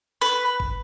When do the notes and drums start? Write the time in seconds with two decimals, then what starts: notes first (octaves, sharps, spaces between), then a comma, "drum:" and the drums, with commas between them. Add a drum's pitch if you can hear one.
0.21 B4
0.60 drum: kick G#1